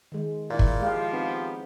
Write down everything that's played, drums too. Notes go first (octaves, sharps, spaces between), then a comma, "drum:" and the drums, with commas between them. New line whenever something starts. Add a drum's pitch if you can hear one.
D#3 G#3
A#2 E4 F4
drum: kick
F3 G#3 G4 F5
B3 C4 D#4